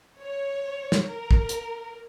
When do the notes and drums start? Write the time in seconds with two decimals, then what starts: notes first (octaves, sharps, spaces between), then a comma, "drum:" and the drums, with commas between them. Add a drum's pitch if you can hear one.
0.20 C#5
0.92 drum: snare
1.07 A#4
1.31 drum: kick
1.49 drum: hi-hat